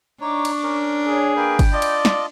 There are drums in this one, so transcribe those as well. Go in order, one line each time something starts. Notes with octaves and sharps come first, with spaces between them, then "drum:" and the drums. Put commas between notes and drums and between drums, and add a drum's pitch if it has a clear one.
D4 D#4 C#5 C#6 D6
drum: cymbal
C#4 A#4
G#4 C#5
A#3 A#4 B4 G5 B5 G6
drum: kick G1, cymbal
F4 D5 D#5 A5
drum: cymbal
drum: snare